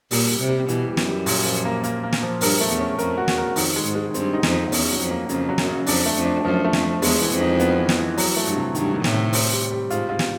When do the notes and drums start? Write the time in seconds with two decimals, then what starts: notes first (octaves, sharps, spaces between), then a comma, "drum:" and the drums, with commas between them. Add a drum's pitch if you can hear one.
0.11 A#2 G3, drum: open hi-hat
0.30 G3
0.40 C3
0.49 G3
0.68 B2 E3, drum: hi-hat
0.88 G3
0.97 F#2, drum: snare
1.07 G3
1.26 A#2, drum: open hi-hat
1.46 F3
1.55 drum: hi-hat
1.65 A#3
1.83 A#3, drum: hi-hat
2.03 A#3
2.13 drum: snare
2.23 F3
2.41 G2 A#4, drum: open hi-hat
2.61 A3
2.70 E2, drum: hi-hat
2.80 C#4
2.99 F2 A#4, drum: hi-hat
3.18 F#4
3.28 E2, drum: snare
3.38 A#4
3.56 F2 D#3, drum: open hi-hat
3.76 G#3
3.85 G#2, drum: hi-hat
3.95 G#3
4.14 G2 C4, drum: hi-hat
4.33 D#4
4.43 F2, drum: snare
4.53 D#4
4.72 E2 C#4, drum: open hi-hat
4.91 F#3
5.01 F2, drum: hi-hat
5.10 A#3
5.29 F2 C#3, drum: hi-hat
5.49 F#3
5.58 F#2, drum: snare
5.68 C#3
5.87 F2 D4, drum: open hi-hat
6.06 A3
6.16 F2, drum: hi-hat
6.25 D4
6.45 F#2 F3
6.64 A3
6.73 F2, drum: snare
6.83 F3
7.02 E2 G#3, drum: open hi-hat
7.21 E3
7.31 F2, drum: hi-hat
7.41 D#4
7.59 B3, drum: hi-hat
7.79 E3
7.89 drum: snare
7.98 E3
8.18 F#3, drum: open hi-hat
8.36 A3
8.46 G2, drum: hi-hat
8.56 C3
8.75 G2 D#3, drum: hi-hat
8.94 D#3
9.04 A2, drum: snare
9.13 C3
9.33 C4, drum: open hi-hat
9.52 G3
9.71 G3
9.90 G#2 F4, drum: hi-hat
10.09 F4
10.19 drum: snare